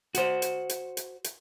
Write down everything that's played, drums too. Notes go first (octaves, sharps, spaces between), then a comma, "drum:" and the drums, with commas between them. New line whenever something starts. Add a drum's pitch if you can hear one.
F#4 C5, drum: hi-hat
drum: hi-hat
drum: hi-hat
drum: hi-hat
drum: hi-hat